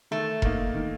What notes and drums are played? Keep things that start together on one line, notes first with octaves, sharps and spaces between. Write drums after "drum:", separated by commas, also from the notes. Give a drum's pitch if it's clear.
D#3 A3
A#3 D#4 A#4, drum: kick F1
D#3